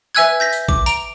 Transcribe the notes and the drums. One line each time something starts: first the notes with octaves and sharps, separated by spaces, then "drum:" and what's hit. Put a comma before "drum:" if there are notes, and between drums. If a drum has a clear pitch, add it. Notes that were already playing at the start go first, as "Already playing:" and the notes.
B4 E5 G#5 E6 F#6 G#6
G6 A#6 B6
drum: tambourine
D6, drum: kick A1
A#5 D7, drum: tambourine